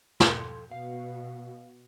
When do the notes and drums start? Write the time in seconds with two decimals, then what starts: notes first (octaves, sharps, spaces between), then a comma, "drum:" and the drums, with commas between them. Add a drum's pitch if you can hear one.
0.20 F3 A4 C6, drum: snare
0.72 B2 F5